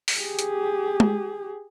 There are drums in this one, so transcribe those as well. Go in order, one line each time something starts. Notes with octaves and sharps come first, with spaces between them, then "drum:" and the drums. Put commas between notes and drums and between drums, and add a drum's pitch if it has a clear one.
drum: open hi-hat
G4 G#4
drum: hi-hat
drum: tom